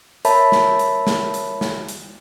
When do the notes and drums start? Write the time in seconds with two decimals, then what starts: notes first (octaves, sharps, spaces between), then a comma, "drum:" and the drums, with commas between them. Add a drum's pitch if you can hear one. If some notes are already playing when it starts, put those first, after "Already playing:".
0.25 A#4 C#5 E5 A5 B5, drum: hi-hat
0.52 drum: snare
0.79 drum: hi-hat
1.07 drum: snare
1.34 drum: hi-hat
1.61 drum: snare
1.88 drum: hi-hat